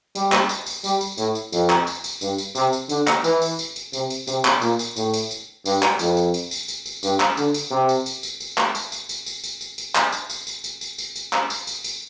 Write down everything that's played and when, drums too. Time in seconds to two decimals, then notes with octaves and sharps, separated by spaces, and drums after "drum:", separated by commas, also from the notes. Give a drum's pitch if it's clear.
0.15 G3, drum: tambourine
0.32 drum: clap
0.49 drum: tambourine
0.66 drum: tambourine
0.84 G3, drum: tambourine
1.01 drum: tambourine
1.18 A2, drum: tambourine
1.35 drum: tambourine
1.52 F2, drum: tambourine
1.70 drum: clap
1.87 drum: tambourine
2.04 drum: tambourine
2.21 G2, drum: tambourine
2.38 drum: tambourine
2.55 C3, drum: tambourine
2.73 drum: tambourine
2.89 D3, drum: tambourine
3.07 drum: clap
3.24 E3, drum: tambourine
3.42 drum: tambourine
3.59 drum: tambourine
3.76 drum: tambourine
3.93 C3, drum: tambourine
4.10 drum: tambourine
4.27 C3, drum: tambourine
4.45 drum: clap
4.62 A#2, drum: tambourine
4.79 drum: tambourine
4.96 A2, drum: tambourine
5.14 drum: tambourine
5.31 drum: tambourine
5.66 G2, drum: tambourine
5.82 drum: clap
5.99 F2, drum: tambourine
6.17 drum: tambourine
6.34 drum: tambourine
6.51 drum: tambourine
6.68 drum: tambourine
6.86 drum: tambourine
7.03 G2, drum: tambourine
7.20 drum: clap
7.37 D3, drum: tambourine
7.54 drum: tambourine
7.71 C3
7.89 drum: tambourine
8.06 drum: tambourine
8.23 drum: tambourine
8.40 drum: tambourine
8.58 drum: clap
8.75 drum: tambourine
8.92 drum: tambourine
9.09 drum: tambourine
9.26 drum: tambourine
9.44 drum: tambourine
9.61 drum: tambourine
9.78 drum: tambourine
9.95 drum: clap
10.12 drum: tambourine
10.30 drum: tambourine
10.47 drum: tambourine
10.64 drum: tambourine
10.81 drum: tambourine
10.98 drum: tambourine
11.16 drum: tambourine
11.33 drum: clap
11.50 drum: tambourine
11.67 drum: tambourine
11.84 drum: tambourine